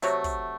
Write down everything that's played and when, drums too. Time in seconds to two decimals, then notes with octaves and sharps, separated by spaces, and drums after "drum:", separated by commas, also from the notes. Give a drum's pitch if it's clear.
0.02 C3 F#3 A3, drum: hi-hat
0.24 drum: kick, hi-hat